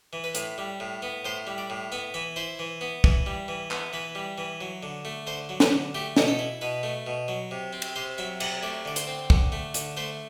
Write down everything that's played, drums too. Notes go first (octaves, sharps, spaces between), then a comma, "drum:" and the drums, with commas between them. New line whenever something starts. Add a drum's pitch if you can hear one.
E3
B4
A2, drum: hi-hat
G3
A2
B3
A2 C5
G3
D5
A2
B3 E5
E3 E5
E4 C5
E3
B3
E3, drum: kick
G3
E3
B3, drum: clap
E3 B4
G3
E3
F#3
D3
A3
D3 C5
F#3
B4, drum: snare
D3
A3 G4
B2, drum: snare
A4
E4
B2 B4
A3
B2
F#3
C3
C4
drum: cymbal
C3 C5
F#3 E5
C3 F#5, drum: cymbal
A3 D5
D3 D5
C5, drum: hi-hat
C4
D3, drum: kick
A3
D3, drum: hi-hat
A3 C5